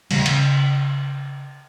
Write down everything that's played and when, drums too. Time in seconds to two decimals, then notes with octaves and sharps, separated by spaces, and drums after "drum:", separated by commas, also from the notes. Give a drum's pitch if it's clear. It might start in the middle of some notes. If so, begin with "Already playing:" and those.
0.11 A2 C#3 E3 G3, drum: cymbal
0.26 C#3, drum: cymbal